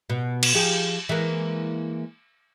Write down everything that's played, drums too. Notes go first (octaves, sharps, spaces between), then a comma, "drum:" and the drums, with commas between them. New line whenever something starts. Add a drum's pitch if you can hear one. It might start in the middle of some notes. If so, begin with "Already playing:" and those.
B2
drum: cymbal
F3 G4 G#4
E3 G#3 A#3